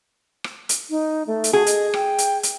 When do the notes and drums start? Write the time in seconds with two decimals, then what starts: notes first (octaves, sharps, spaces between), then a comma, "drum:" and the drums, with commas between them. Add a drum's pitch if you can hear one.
0.44 drum: rim click
0.69 drum: hi-hat
0.90 D#4
1.27 A3
1.44 drum: hi-hat
1.53 F#4 G#4
1.67 D#5, drum: hi-hat
1.94 G5, drum: rim click
2.18 drum: hi-hat
2.43 drum: hi-hat